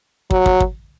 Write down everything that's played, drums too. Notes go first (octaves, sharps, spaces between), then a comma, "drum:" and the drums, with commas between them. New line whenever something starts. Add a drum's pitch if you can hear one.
F#3, drum: kick
drum: kick
drum: kick